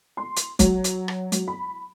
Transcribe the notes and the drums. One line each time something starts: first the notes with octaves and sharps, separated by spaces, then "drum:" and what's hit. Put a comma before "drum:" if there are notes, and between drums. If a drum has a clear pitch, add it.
C6
drum: hi-hat
F#3, drum: kick, hi-hat
drum: hi-hat
drum: rim click
F#3, drum: hi-hat
B5